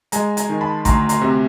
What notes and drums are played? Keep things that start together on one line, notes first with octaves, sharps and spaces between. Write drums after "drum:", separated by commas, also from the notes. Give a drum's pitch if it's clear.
G#3 G#5 A#5, drum: hi-hat
G#5 A#5, drum: hi-hat
D#3
A5 B5
D2 A#5 C6, drum: kick, hi-hat
A#5 C6, drum: hi-hat
C3